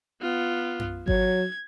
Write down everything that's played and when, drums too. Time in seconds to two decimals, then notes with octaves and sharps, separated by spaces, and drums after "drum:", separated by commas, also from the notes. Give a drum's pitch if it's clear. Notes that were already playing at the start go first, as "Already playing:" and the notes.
0.22 B3 F4
0.80 drum: tom F#2
1.08 F#3 G#6, drum: kick G#1